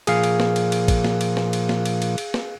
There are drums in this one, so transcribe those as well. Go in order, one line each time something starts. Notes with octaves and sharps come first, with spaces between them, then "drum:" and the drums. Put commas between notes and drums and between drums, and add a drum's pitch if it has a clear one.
A#2 F3 G#4 F5, drum: cymbal
drum: cymbal
drum: snare
drum: cymbal
drum: cymbal
drum: kick, cymbal
drum: snare
drum: cymbal
drum: snare
drum: cymbal
drum: snare
drum: cymbal
drum: cymbal
drum: cymbal
drum: snare